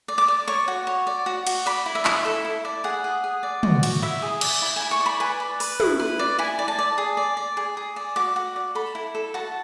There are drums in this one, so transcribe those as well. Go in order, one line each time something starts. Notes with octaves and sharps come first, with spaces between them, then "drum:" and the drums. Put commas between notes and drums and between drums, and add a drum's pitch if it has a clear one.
D5
D6
D5
C#5 C#6
F#4
C#5
D5
F#4
F#4, drum: cymbal
D5 B5
E4
E5
E4, drum: clap
A4 E5
E4
D5
G#4 F#5
G#4
G#4
D5
F#4, drum: tom
F#4, drum: cymbal
E4 E5
G#4
D5, drum: cymbal
E4
E4 G#5
C#6
D5
B5
B4 G#5
D5
B4, drum: open hi-hat
E4, drum: tom
B4
D5
E4 G#5
D5
A5
D5
G#4
D5
D5
G#4
G#4
D5
F#4 D6
F#4
D5
A4 B5
E4
A4
F#4 A5